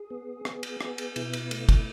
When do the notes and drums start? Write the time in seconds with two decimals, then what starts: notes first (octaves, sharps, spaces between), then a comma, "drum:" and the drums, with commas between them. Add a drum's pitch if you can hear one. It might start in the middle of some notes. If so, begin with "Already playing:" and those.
Already playing: G#4
0.10 B3
0.45 B3, drum: rim click
0.63 drum: cymbal
0.81 B3, drum: rim click
0.98 drum: cymbal
1.16 B2 E4, drum: cymbal
1.33 drum: cymbal
1.51 A3, drum: cymbal
1.69 drum: kick, cymbal